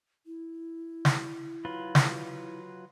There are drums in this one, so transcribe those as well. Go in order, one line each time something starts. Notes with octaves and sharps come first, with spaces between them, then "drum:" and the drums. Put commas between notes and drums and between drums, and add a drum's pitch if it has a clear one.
E4
drum: snare
F#3 F4 B4
drum: snare